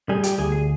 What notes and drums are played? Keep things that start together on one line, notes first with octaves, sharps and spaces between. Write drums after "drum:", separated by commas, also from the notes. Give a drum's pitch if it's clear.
G3 G#4
G4, drum: hi-hat
D2 G#4
G#4